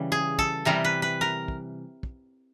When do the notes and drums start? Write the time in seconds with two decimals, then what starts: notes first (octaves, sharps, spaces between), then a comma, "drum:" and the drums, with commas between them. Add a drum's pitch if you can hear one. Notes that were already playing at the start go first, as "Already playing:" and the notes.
Already playing: C#3 E3 G3
0.12 G#4
0.39 A4, drum: kick
0.65 C3 E3 G3 A#4
0.84 B4
1.02 B4
1.21 A#4
1.48 drum: kick
2.03 drum: kick